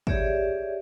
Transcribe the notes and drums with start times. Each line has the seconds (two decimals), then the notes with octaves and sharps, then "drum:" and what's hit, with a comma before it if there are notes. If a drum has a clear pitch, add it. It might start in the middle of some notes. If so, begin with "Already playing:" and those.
0.07 G4 G#4 C#5 D5 E5, drum: kick